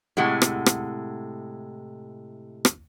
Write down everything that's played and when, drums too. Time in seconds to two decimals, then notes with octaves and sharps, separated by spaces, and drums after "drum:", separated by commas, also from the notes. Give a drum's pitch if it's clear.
0.17 A2 C3 G#3 F#5
0.42 drum: rim click
0.66 drum: rim click
2.65 drum: rim click